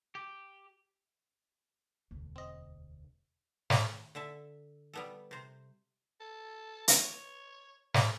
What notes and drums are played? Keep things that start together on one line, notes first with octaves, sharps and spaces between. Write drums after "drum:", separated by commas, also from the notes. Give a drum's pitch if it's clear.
G4
E1 D2 A#3
C4 D#5
C#5, drum: snare
D3 A4 E5
G3 B3 A4
C3 C5
A4
C#5, drum: hi-hat
A#4, drum: snare